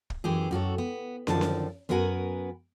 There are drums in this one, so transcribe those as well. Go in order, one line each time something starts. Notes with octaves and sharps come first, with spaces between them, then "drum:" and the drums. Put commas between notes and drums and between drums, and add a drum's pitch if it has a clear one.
drum: kick
F#2 E3 G4 G#4
F#2 F#4 A4 C#5
B3
F#2 D3 D#3 F3 A5, drum: snare
drum: snare
F#2 B3 F#4 A#4 F#5 G#5